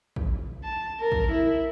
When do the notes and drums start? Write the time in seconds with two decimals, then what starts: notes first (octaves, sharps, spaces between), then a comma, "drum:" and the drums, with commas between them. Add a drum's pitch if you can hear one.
0.16 drum: kick A1
0.64 A5
1.00 A#4
1.12 drum: kick A1
1.32 E4